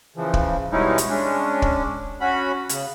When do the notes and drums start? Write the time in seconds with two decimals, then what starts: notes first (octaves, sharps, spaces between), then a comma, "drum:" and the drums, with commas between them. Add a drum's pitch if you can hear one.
0.16 C#3 E3 F3
0.34 drum: kick
0.72 B2 G3 G#3 C#4 D#4 E4
0.98 drum: hi-hat
1.09 G#3 C#4 D4
1.62 drum: kick
2.20 C#4 F#4 B5
2.69 C#3, drum: hi-hat